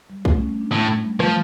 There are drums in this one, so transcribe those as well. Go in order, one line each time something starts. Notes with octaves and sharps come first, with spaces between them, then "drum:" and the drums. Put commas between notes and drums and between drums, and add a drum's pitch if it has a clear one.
G3
A3, drum: kick B1
C#4
A3
D4
A2
A3
G3
F3 A3, drum: rim click